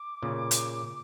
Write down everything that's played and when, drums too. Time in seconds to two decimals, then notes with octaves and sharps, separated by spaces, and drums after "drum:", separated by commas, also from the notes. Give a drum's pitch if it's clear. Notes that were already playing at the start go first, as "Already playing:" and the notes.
Already playing: D6
0.22 A#2 C#3
0.51 drum: hi-hat